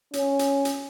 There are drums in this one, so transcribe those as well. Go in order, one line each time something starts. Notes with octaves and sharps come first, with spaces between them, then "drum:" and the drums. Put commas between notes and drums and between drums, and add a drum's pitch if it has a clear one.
C#4, drum: hi-hat
drum: hi-hat
drum: hi-hat